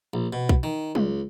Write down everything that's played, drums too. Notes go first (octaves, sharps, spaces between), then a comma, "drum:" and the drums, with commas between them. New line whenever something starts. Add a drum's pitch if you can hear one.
A#1
B2
drum: kick B1
D#3
C#2, drum: tom